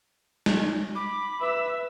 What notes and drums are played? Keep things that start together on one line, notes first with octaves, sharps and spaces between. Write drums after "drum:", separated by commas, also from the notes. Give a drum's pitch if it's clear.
drum: snare
B5 D6
B4 E5 E6